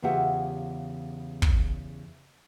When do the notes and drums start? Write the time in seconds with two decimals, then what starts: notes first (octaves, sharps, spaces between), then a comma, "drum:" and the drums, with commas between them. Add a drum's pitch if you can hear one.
0.02 E2 C#3 F4 G4 E5 F#5
1.42 drum: kick